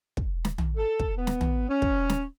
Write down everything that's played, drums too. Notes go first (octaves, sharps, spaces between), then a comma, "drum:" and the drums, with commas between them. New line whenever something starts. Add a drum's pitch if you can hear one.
drum: kick
drum: snare
drum: tom
A4
drum: kick
B3
drum: snare
drum: tom
C#4
drum: kick
drum: snare